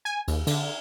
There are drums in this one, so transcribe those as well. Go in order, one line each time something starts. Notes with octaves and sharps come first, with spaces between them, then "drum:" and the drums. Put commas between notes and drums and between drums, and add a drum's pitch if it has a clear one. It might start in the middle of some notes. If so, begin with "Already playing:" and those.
G#5
D#2, drum: cymbal
D3, drum: cymbal